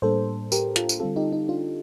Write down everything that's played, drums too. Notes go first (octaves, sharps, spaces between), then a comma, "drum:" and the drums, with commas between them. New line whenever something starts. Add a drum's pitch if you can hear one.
A2 G3 A#3 D4 A4 C5
G4 A#4, drum: tambourine
F4 A4, drum: hi-hat
drum: tambourine
D3 G3 C4 F4 A4
D#4 G4
D#4
D4 F4